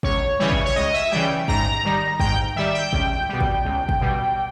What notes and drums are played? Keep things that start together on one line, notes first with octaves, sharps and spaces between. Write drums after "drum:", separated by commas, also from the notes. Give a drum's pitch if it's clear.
C#2 C#5, drum: kick
C#3 E3 G3 C#5
drum: kick
C#5
C#2 D#5
E5
C#3 E3 G3 G5
G#2 A#5, drum: kick
D#3 G3
G#2 G5, drum: kick
D#3 G3 E5
G5
C#2, drum: kick
B2 G3
drum: kick
C#2
drum: kick
B2 G3